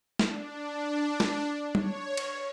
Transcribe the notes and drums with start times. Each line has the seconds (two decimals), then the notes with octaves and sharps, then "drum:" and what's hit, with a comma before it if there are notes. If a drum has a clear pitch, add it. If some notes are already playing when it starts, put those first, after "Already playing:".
0.19 D4, drum: snare
1.20 drum: snare
1.75 C#5, drum: tom G3
2.17 drum: cymbal